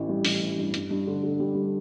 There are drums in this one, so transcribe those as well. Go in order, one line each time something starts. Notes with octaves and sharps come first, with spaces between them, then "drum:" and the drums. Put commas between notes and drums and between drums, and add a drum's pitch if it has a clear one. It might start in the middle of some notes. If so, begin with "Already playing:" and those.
Already playing: A1 E3
G3
A1, drum: open hi-hat
E3
G2
G2, drum: hi-hat
G2
D3
D3
G3
G3